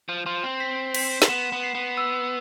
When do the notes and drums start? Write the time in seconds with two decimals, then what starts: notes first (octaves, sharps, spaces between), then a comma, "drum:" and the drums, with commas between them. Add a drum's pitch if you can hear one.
0.09 F3
0.26 F3 C6
0.44 C4
0.60 B6
0.95 B6, drum: cymbal
1.22 C4, drum: snare
1.29 B3 E7
1.52 B3
1.63 C7
1.75 B3
1.97 E6